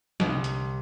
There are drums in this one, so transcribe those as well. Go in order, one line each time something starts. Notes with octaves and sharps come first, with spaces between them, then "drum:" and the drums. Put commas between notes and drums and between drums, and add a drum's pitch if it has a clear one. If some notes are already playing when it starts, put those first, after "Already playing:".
C2, drum: snare
drum: hi-hat